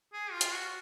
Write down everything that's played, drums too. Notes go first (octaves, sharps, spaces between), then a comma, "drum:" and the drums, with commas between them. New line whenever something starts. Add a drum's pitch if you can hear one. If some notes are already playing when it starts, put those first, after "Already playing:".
G#4
F4
drum: hi-hat
F#4